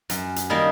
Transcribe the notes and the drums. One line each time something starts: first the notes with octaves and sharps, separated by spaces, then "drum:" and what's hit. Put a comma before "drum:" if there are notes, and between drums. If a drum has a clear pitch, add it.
F#2, drum: hi-hat
drum: hi-hat
D#3 G3 A#3 D#4